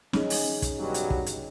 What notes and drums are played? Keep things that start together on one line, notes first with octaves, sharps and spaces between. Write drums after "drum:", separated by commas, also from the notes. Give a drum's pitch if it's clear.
C#4 D#4 G#4, drum: snare
drum: open hi-hat
drum: kick, hi-hat
G2 B2 F#3
drum: hi-hat
drum: kick
drum: hi-hat